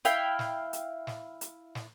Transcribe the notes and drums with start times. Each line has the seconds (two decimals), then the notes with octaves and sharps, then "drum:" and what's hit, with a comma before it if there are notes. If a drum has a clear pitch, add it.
0.05 E4 F5 G5, drum: hi-hat
0.39 drum: snare
0.73 drum: hi-hat
1.07 drum: snare
1.41 drum: hi-hat
1.75 drum: snare